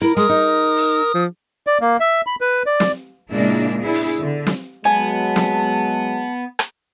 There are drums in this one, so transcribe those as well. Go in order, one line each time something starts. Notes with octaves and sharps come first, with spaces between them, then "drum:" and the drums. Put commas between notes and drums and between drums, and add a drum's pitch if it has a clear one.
E4 A#4
G#3 A#4 D#6
D#4
drum: open hi-hat
F3
D5
A#3
E5
B5
B4
D5
drum: snare
A#2 C#3 G#3 A#3 D4 E4
B3 D4 E4 G#4
drum: open hi-hat
D3
drum: snare
F#3 G#3 B3 G#5 A5
drum: snare
drum: rim click